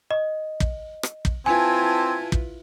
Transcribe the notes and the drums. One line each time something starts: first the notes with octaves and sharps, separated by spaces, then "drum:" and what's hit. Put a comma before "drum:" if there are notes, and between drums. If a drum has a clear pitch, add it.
D#5
drum: kick
drum: rim click
drum: kick
C4 E4 F4 B4 G#5 A5 G#6
drum: kick